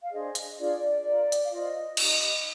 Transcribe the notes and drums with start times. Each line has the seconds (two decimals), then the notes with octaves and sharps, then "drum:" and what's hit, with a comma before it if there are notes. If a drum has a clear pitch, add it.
0.02 F5
0.12 D4 G#4 C5 D#5
0.35 D#5, drum: hi-hat
0.49 D#5
0.58 D4 F4 G#4 D5
1.05 F4 A#4
1.32 drum: hi-hat
1.44 F5
1.51 F4 C5 D#5
1.97 D#4 G4 C5, drum: cymbal